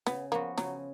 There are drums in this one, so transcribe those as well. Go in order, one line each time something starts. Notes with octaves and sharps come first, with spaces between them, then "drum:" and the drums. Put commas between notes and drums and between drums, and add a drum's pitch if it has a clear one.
C#3 B3, drum: snare
F3 A#3 B3 F#4
C#3 F#3, drum: snare